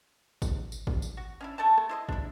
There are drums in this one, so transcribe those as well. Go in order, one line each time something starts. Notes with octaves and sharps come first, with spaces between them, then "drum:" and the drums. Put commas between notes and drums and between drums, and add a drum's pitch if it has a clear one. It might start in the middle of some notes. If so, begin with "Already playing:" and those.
drum: kick G#1, tambourine
drum: tambourine
drum: kick G#1
drum: tambourine
F#4
C#4 D4 E4
A3 A4 D5 A5
drum: rim click
E4 C5 D#5
D4 E4, drum: kick G#1